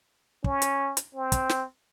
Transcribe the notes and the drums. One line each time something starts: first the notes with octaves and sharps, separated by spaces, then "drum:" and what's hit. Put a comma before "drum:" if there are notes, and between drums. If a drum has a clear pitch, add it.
C#4, drum: kick
drum: hi-hat
drum: hi-hat
C4
drum: kick, hi-hat
drum: snare